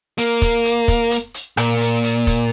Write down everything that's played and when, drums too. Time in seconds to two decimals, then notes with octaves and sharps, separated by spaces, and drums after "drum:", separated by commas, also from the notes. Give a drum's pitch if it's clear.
0.18 A#3, drum: hi-hat
0.42 drum: kick, hi-hat
0.65 drum: hi-hat
0.88 drum: kick, hi-hat
1.11 drum: hi-hat
1.34 drum: hi-hat
1.57 A#2, drum: rim click
1.81 drum: hi-hat
2.04 drum: hi-hat
2.27 drum: kick, hi-hat